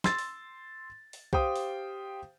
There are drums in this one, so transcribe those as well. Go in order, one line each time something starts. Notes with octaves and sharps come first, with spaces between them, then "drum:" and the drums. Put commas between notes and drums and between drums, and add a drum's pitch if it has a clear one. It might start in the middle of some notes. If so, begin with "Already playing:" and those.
C6 E6 A6, drum: snare
drum: open hi-hat
drum: open hi-hat
G4 C5 F5 G5 D#6, drum: kick C2
drum: open hi-hat